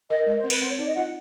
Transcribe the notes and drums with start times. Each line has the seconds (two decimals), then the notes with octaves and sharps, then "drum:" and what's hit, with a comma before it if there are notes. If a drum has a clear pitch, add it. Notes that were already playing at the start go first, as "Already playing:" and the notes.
0.10 A#4 D#5
0.27 G#3 D#5
0.39 C5
0.44 C4
0.50 B4, drum: cymbal
0.62 C4 C5
0.70 C#5
0.79 D#4 D5
0.87 D#5
0.96 F4 F#5